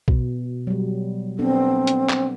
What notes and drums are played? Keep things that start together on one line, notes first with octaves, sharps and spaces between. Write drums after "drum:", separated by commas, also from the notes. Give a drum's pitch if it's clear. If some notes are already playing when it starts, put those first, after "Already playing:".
B2, drum: kick B1
F#3 G3
B3 C4 D4 A4
drum: hi-hat
drum: clap